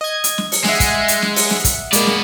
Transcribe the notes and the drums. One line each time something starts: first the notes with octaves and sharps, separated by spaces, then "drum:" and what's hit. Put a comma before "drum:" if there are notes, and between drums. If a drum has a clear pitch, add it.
D#5 G#6
drum: hi-hat
drum: snare
drum: open hi-hat
G#3 E5 F#5, drum: snare
drum: kick, hi-hat
drum: hi-hat
drum: snare
drum: open hi-hat
drum: snare
drum: kick, hi-hat
G#3 A#3 B3 D5, drum: hi-hat
drum: snare